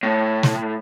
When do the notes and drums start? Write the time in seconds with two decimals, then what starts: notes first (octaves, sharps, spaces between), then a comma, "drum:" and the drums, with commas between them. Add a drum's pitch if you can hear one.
0.03 A2
0.43 drum: snare